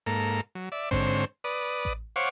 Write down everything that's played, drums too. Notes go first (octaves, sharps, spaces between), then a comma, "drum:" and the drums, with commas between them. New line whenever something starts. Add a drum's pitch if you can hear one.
G#2 A#3 A4 A#5
F#3
D5 E5
G#2 D3 C4 C5 C#5, drum: kick A1
B4 D5 D#6
drum: kick A1
C5 C#5 F5 F#5 C#6 D6